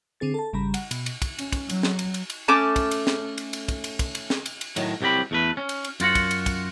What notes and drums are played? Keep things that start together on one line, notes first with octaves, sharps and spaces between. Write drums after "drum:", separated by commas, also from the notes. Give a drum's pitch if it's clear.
D3 C4 G#4 A6
A4 A5
G#1 C#3 G3 A#5 B5
F#5, drum: cymbal
B2, drum: cymbal
drum: cymbal
drum: kick, cymbal
C#4, drum: cymbal
drum: kick, cymbal
F#3, drum: cymbal
drum: snare
drum: cymbal
drum: cymbal
drum: cymbal
A3 C#4 A5 D6
drum: kick, cymbal
drum: cymbal
drum: snare
drum: cymbal
drum: cymbal
drum: kick, cymbal
drum: cymbal
drum: kick, cymbal
drum: cymbal
drum: snare
drum: cymbal
drum: cymbal
A2 D#3 F#3, drum: cymbal
C2 C3 F#3 G4 B5
E2 A3 B4
C#4
drum: cymbal
drum: cymbal
F#2 F4 F#4 F#5, drum: cymbal
drum: kick, cymbal
drum: cymbal
drum: kick, cymbal